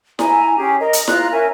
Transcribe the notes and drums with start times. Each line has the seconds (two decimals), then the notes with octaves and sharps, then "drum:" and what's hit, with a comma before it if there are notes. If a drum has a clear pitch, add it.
0.19 E4 G#5 A#5, drum: snare E4
0.57 C#4 G4 G#4
0.80 A#4 D#5
0.93 drum: hi-hat
1.08 F4 A#5 F#6, drum: snare E4
1.31 C#4 A#4 E5 G#5